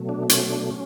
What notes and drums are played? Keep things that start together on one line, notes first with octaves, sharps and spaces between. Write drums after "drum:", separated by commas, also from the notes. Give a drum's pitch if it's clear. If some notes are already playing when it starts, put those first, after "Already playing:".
Already playing: B2 F#3 A3
D4
C#4, drum: hi-hat
D4
C#4